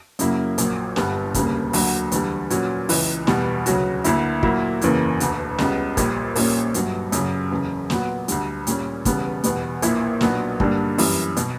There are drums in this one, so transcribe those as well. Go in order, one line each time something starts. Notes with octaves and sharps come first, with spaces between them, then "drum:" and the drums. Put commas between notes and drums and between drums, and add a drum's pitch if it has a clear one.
F#2 C#3 F#3 A#3 E4, drum: hi-hat
A#1 A#2 F#3 A#3, drum: hi-hat
G1 G2 D3 G3 B3, drum: snare
E1 D2 C#3 G3 A#3, drum: kick, hi-hat
D2 D3 F#3 A#3, drum: open hi-hat
E2 D3 G3, drum: hi-hat
A#2 F#3 C#4 F#4, drum: hi-hat
C#2 C#3 E3, drum: open hi-hat
E2 B2 G3 B3, drum: snare
D2 C#3 F#3 C#4 F#4, drum: hi-hat
D2 D3 A#3 E4, drum: hi-hat
A#2 F#3 A#3 E4, drum: kick
F#1 E2 C#3 E3 A#3, drum: hi-hat
E1 D2 D3, drum: hi-hat
C#2 C#3 G3 B3, drum: snare
A#1 A#2 G3, drum: kick, hi-hat
A#1 A#2 G3 A#3 C#4, drum: open hi-hat
G1 G2 F#3, drum: hi-hat
F#2 C#3 F#3, drum: hi-hat
F#1 E2 C#3
A#2 F#3 B3 F#4, drum: snare
D2 D3 G3, drum: hi-hat
A#2 G3 C#4, drum: hi-hat
E1 E2 C#3 G3 B3, drum: kick, hi-hat
E2 B2 G3 B3, drum: hi-hat
A#1 A#2 A#3 E4, drum: hi-hat
B1 A#2 F#3 B3 D4, drum: snare
G2 D3 G3 A#3 D4, drum: kick
F#2 E3 G3, drum: open hi-hat
B2, drum: hi-hat